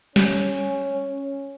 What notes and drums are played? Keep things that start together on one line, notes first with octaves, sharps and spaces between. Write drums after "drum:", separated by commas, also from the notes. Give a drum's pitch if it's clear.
C#4, drum: snare